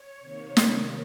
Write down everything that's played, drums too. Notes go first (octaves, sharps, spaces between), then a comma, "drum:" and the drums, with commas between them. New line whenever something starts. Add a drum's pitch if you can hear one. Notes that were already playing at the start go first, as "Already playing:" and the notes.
Already playing: C#5
C3 D#3 A#3
drum: snare